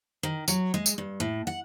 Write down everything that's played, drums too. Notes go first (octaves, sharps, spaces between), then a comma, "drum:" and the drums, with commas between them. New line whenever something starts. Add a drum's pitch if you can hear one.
D#3
F#3, drum: tambourine
G#3
drum: tambourine
G2
A2
F#5